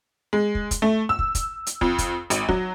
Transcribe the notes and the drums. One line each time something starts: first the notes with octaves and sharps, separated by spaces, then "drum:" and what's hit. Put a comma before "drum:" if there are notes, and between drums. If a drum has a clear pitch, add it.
G#3
drum: kick
drum: kick, hi-hat
A3
E6
drum: kick
drum: kick, hi-hat
drum: hi-hat
F2, drum: kick
drum: kick, hi-hat
G#1, drum: hi-hat
F#3, drum: kick